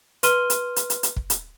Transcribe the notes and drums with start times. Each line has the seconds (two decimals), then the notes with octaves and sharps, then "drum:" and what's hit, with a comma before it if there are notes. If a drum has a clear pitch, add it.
0.23 B4 C6 F6 D#7 G7, drum: hi-hat
0.50 drum: hi-hat
0.76 drum: hi-hat
0.90 drum: hi-hat
1.03 drum: hi-hat
1.16 drum: kick
1.30 drum: hi-hat